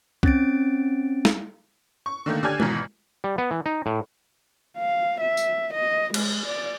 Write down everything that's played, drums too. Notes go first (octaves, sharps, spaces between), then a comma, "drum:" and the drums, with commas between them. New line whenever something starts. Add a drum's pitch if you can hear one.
C4 C#4 A6 D7, drum: kick C2
drum: snare
C#6
D3 D#3 A3 A#3
D3 G4 D5 G#5 F6 G#6
G#1 G#2 B2 E3, drum: tom
G3
B3
E3
D#4
A2
F5
E5
drum: tambourine
D#5
G#3, drum: cymbal
D5